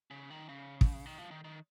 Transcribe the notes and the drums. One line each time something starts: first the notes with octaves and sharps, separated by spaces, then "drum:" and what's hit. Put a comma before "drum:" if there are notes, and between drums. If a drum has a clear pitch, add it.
C#3
D#3
C#3
drum: kick
D#3
F3
D#3
D#3